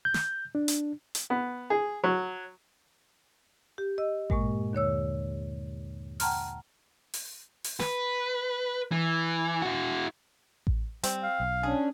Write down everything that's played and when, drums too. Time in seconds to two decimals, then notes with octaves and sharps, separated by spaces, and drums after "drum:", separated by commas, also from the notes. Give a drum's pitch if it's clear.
0.05 G6
0.14 drum: snare
0.55 D4
0.68 drum: hi-hat
1.15 drum: hi-hat
1.30 B3
1.70 G#4
2.04 F#3
3.78 G4
3.98 D#5 E6
4.30 G2 A#2 G#3 A#3 C#6, drum: kick A1
4.73 D#2 D3 C#5 E6
6.20 F#5 G5 A5 A#5 C6 F6, drum: open hi-hat
7.14 drum: open hi-hat
7.64 drum: open hi-hat
7.80 B4, drum: snare
8.92 E3
9.62 E4 F#4
10.67 drum: kick A1
11.03 G3 C4, drum: hi-hat
11.23 F5
11.40 B1
11.63 C#4 D4 G#4